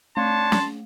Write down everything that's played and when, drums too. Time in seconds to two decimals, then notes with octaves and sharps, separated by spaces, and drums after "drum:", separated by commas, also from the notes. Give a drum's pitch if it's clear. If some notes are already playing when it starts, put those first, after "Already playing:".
0.17 A3 D4 C#5 A5 C6
0.52 drum: snare